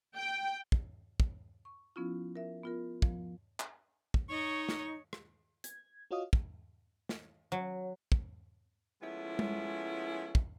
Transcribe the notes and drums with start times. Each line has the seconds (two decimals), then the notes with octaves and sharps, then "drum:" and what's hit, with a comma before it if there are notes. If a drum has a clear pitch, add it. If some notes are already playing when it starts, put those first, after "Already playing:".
0.17 G5
0.72 drum: kick
1.20 drum: kick
1.65 C#6
1.96 F3 B3 C#4 E4 F4
2.36 A#4 E5
2.63 B3 F4 A#4
3.02 F3, drum: kick
3.60 drum: clap
4.14 drum: kick
4.29 D#4 C#5 D#5 C#6
4.69 drum: snare
5.13 drum: rim click
5.64 G#6, drum: hi-hat
6.11 F4 F#4 C#5 D#5 F5 D#6
6.33 drum: kick
7.09 drum: snare
7.52 F#3
8.12 drum: kick
9.01 F3 G#3 A3 B3 C#4 E4
9.39 drum: tom G#3
10.35 drum: kick